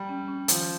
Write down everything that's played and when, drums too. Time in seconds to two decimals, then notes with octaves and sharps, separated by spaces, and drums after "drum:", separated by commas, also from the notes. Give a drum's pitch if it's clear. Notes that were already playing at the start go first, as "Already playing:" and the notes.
Already playing: G3
0.09 C#4
0.28 C#4
0.48 D#3 F3, drum: hi-hat